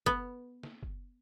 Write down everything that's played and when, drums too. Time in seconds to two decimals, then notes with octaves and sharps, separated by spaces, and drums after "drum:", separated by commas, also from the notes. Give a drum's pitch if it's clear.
0.06 B3, drum: kick F#1
0.63 drum: snare
0.83 drum: kick F#1